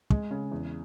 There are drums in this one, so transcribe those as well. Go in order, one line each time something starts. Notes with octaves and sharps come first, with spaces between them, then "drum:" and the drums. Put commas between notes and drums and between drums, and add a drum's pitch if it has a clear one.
G#3, drum: kick
C#3
E2